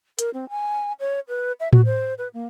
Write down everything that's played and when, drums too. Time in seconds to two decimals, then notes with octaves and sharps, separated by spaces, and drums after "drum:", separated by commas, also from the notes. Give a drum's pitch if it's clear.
0.19 A#4, drum: hi-hat
0.34 C4
0.50 G#5
1.00 C#5
1.28 B4
1.60 E5
1.73 F#4, drum: tom A2
1.86 C5
2.18 B4
2.34 A#3